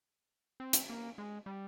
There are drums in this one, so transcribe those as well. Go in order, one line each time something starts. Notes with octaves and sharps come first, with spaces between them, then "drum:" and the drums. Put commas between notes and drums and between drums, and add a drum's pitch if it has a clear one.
C4
drum: hi-hat
A#3
G#3
G3